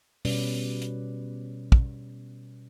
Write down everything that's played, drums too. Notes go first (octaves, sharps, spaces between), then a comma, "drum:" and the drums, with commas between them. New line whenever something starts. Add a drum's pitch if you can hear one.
B2 G3 C#4 B4 D5, drum: open hi-hat
drum: hi-hat
drum: kick